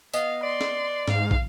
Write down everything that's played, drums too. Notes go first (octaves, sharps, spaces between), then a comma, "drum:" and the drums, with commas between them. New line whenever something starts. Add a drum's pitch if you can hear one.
B3 D#5 F5, drum: tambourine
D5 C6
drum: snare
G#2 F5, drum: snare
drum: kick